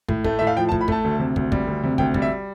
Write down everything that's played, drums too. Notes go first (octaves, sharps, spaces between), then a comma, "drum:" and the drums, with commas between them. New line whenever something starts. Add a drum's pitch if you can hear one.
A2, drum: kick
A3, drum: kick
A2 E5
F5
F3 G5
A5
A2, drum: kick
B5
A3 A5, drum: kick
D2
C3
D2, drum: kick
G3, drum: kick
D2
C3
D2 G5, drum: kick
G3, drum: kick
E5